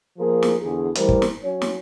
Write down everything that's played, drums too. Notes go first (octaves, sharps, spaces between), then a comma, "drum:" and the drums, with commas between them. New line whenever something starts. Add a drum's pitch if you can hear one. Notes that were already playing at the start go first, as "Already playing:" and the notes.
F3 A#3 G#4 A#4
drum: snare
E2 D3 G#4
E3 G3 A3 A#4 C5, drum: hi-hat
drum: kick
drum: snare
F#3 C#4 C#5
drum: snare